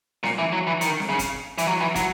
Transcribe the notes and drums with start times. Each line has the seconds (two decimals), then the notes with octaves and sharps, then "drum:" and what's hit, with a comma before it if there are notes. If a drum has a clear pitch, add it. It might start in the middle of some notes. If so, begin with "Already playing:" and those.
0.23 A#2, drum: snare C4
0.38 E3
0.52 F#3
0.67 E3
0.81 D#3, drum: hi-hat
1.00 drum: snare C4
1.09 C#3
1.19 drum: kick, hi-hat
1.58 E3, drum: hi-hat
1.67 F#3
1.81 E3
1.95 F#3, drum: kick, hi-hat